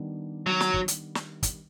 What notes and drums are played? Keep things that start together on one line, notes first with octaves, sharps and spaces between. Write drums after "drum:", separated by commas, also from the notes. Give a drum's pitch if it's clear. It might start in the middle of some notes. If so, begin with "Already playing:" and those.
Already playing: D#3 G3 B3 D4
F#3
drum: snare
drum: kick
drum: hi-hat
drum: snare
drum: kick, hi-hat